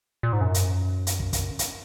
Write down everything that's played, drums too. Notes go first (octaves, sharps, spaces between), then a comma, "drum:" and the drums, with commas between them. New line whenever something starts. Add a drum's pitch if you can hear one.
A#2
G#2
F#2
drum: hi-hat
drum: hi-hat
drum: kick
drum: kick, hi-hat
drum: hi-hat